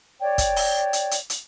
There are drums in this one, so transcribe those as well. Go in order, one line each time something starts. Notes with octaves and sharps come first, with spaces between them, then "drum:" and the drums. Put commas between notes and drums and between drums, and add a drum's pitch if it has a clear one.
C#5 D5 G5
drum: kick, hi-hat
drum: open hi-hat
drum: hi-hat
drum: hi-hat
drum: hi-hat